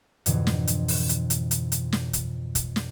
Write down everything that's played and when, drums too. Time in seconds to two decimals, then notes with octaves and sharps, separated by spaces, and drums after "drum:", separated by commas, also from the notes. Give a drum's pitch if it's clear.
0.26 F2 G#2 B2 D3 E3, drum: hi-hat
0.47 drum: snare
0.67 drum: hi-hat
0.88 drum: open hi-hat
1.09 drum: hi-hat
1.30 drum: hi-hat
1.51 drum: hi-hat
1.72 drum: hi-hat
1.92 drum: snare
2.13 drum: kick, hi-hat
2.55 drum: kick, hi-hat
2.76 drum: snare